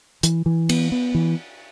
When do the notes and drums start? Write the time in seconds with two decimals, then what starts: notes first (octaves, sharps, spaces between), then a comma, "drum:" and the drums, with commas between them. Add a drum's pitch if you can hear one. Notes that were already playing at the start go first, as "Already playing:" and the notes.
0.23 E3, drum: hi-hat
0.46 E3
0.69 B3, drum: cymbal
0.92 B3
1.15 E3